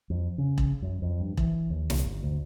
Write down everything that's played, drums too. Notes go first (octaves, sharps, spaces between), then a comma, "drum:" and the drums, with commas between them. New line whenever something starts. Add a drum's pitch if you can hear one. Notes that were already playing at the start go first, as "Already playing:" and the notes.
F2
C#3
drum: kick E1
F#2
F2
G2
E3, drum: kick E1
D#2
C2, drum: snare
G1
D2